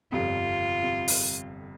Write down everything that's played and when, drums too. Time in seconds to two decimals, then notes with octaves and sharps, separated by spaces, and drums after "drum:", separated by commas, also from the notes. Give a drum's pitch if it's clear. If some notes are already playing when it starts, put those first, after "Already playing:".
0.12 G1 F2 C3 G3 F4
0.82 C3 G3
1.08 drum: open hi-hat